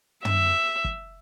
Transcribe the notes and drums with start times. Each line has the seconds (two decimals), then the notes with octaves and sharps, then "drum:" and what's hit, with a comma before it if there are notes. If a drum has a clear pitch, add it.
0.25 E5, drum: tom
0.85 drum: kick